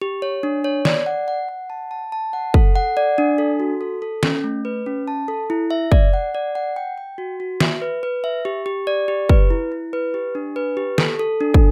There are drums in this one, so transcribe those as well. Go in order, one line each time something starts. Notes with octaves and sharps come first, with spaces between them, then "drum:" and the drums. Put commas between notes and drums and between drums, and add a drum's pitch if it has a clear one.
G4
C#5
D4
C#5
D5, drum: snare
F#5
F#5
F#5
A5
A5
A5
F#5
A4, drum: kick
F#5
D5
D4
A4
F#4
A4
A4
C#4, drum: snare
A3
B4
C#4
A5
A4
E4
E5
D5, drum: kick
F#5
D5
F#5
G5
G5
F#4
F#4
E5, drum: snare
B4
B4
E5
G4
G4
D5
G4
B4, drum: kick
E4
E4
B4
G4
D4
B4
G4
A4, drum: snare
A4
D4
drum: kick